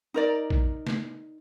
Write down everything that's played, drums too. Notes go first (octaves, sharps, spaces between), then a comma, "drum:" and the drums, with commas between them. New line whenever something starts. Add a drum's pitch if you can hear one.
D#4 A#4 D5
drum: kick A1
drum: snare